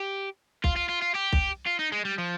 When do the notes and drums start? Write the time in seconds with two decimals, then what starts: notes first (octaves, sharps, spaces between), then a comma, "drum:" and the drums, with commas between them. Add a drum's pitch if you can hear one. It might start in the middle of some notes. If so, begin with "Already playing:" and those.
Already playing: G4
0.64 F4, drum: kick
0.77 F4
0.89 F4
1.02 F4
1.15 G4
1.33 drum: kick
1.67 F4
1.79 D#4
1.92 G#3
2.05 G3
2.18 F3